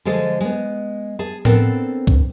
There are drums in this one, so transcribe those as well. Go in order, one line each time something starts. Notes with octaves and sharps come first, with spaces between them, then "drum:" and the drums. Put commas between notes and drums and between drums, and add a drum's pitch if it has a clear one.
D3 F3 G#3 G#4 A4
G#3 B3
G#4 A5
B3 C4 D4 A4 A#4, drum: tom A2
drum: kick